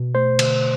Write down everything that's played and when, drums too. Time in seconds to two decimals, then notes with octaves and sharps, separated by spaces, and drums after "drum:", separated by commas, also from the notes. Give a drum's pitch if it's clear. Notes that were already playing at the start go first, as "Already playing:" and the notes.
Already playing: B2
0.15 A3 C5
0.39 D3, drum: cymbal